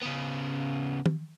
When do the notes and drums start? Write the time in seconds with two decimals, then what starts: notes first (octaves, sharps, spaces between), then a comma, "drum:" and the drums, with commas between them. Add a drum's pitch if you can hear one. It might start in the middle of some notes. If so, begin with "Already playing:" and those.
0.02 C#3 B3
1.06 drum: tom